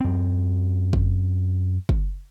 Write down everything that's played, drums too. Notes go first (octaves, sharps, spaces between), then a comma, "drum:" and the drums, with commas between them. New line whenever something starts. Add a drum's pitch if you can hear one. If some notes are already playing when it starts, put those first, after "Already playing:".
F#2 C4
drum: kick
drum: kick